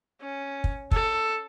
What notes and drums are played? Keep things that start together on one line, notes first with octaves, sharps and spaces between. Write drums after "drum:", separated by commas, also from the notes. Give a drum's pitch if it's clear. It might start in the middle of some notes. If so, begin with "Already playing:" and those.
C#4
drum: kick
A4, drum: kick